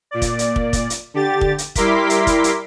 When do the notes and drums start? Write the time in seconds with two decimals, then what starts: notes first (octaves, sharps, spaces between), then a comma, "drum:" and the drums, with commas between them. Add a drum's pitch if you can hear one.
0.11 A#2 D5
0.22 drum: kick, hi-hat
0.39 drum: hi-hat
0.56 drum: kick
0.73 drum: kick, hi-hat
0.90 drum: hi-hat
1.14 D3 G4 A6
1.41 drum: kick
1.58 drum: hi-hat
1.75 G3 E4 A#4 C6 D6 B6, drum: kick, hi-hat
2.10 drum: hi-hat
2.27 drum: kick, hi-hat
2.44 drum: hi-hat